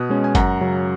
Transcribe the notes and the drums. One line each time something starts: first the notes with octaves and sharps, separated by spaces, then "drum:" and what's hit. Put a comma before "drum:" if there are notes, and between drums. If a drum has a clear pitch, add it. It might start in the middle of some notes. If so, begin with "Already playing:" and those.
Already playing: B2 D#6 F#6
G#3 C#4
G#5
F#2 F#5 A#5, drum: kick F#1, hi-hat
C#3 F#3